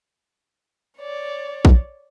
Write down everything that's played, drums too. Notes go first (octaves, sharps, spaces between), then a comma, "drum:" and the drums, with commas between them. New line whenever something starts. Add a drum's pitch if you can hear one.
C#5 D5
drum: kick